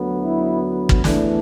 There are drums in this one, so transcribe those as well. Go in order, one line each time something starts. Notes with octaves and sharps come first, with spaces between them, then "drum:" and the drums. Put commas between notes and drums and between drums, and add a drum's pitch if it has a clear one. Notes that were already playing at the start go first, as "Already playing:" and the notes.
Already playing: D2 D3 F#3 B3
E4
drum: kick
E2 E3 A3 D4, drum: snare